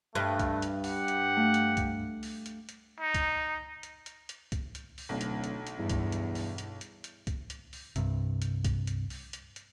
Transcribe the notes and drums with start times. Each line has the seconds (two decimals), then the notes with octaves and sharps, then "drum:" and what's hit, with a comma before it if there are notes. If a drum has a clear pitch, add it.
0.15 G2 A3
0.39 drum: kick, hi-hat
0.62 drum: hi-hat
0.84 G4 F#5, drum: open hi-hat
1.08 drum: hi-hat
1.36 A3 F5
1.54 drum: hi-hat
1.77 drum: kick, hi-hat
2.23 drum: open hi-hat
2.46 drum: hi-hat
2.69 drum: hi-hat
3.00 D#4
3.14 drum: kick, hi-hat
3.83 drum: hi-hat
4.06 drum: hi-hat
4.29 drum: hi-hat
4.52 drum: kick, hi-hat
4.75 drum: hi-hat
4.98 drum: open hi-hat
5.09 D1 B1
5.21 drum: hi-hat
5.44 drum: hi-hat
5.67 drum: hi-hat
5.78 E2 G2
5.90 drum: kick, hi-hat
6.12 drum: hi-hat
6.35 drum: open hi-hat
6.58 drum: hi-hat
6.81 drum: hi-hat
7.04 drum: hi-hat
7.27 drum: kick, hi-hat
7.50 drum: hi-hat
7.73 drum: open hi-hat
7.96 C2 G2 C3, drum: hi-hat
8.42 drum: hi-hat
8.65 drum: kick, hi-hat
8.87 drum: hi-hat
9.10 drum: open hi-hat
9.33 drum: hi-hat
9.56 drum: hi-hat